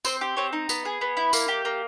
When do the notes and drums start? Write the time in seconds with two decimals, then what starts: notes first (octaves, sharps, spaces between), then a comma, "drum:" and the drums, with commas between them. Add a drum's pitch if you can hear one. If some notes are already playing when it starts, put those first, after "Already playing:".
0.05 C4 C5, drum: tambourine
0.21 G4
0.37 C4 C#5
0.53 D#4
0.69 B3, drum: tambourine
0.85 G#4
1.01 B3
1.17 E4
1.33 A#3, drum: tambourine
1.48 G4
1.65 A#3